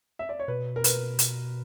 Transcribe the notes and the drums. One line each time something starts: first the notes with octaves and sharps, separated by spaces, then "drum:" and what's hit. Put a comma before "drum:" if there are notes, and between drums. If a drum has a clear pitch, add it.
E5
D5
C#5
B2 B4
A#4
B4, drum: hi-hat
drum: hi-hat